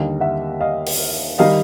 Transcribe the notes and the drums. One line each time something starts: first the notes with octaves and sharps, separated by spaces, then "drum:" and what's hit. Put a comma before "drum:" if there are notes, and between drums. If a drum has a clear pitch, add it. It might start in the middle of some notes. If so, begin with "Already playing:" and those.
Already playing: D#2 D3 G3 A#3 D#4 D#5 F5
E5 F#5
D#5 F5
drum: open hi-hat
D#3 G3 D#5 F5